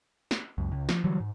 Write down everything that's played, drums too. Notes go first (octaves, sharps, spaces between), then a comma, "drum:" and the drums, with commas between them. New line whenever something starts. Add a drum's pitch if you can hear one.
drum: snare
C#2 F#2
C#2
F3, drum: snare
D3 E3 F#3 G3
G#2